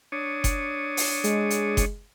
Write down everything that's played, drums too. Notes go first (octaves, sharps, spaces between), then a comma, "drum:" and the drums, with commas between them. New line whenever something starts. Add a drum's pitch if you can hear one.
D4 C#5 D#6
drum: kick F#1, hi-hat
drum: open hi-hat
G#3, drum: hi-hat
drum: hi-hat
drum: kick F#1, hi-hat